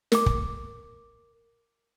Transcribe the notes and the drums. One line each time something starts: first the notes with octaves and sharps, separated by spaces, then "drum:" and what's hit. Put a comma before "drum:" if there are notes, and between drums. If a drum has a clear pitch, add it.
A#4 D6, drum: snare
drum: kick